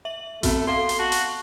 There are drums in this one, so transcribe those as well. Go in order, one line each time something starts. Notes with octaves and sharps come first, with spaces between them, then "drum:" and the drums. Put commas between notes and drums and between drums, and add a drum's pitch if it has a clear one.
E5 F#7
A3 B3 C4 F#4, drum: kick A1, hi-hat
A4 F5 C6
drum: hi-hat
F#4 A5 F#7
drum: hi-hat